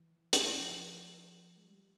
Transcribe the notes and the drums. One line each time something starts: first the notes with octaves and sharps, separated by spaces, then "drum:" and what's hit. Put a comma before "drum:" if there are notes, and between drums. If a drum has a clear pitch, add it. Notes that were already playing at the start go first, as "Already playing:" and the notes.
Already playing: E3
drum: hi-hat
F3
G#3
G3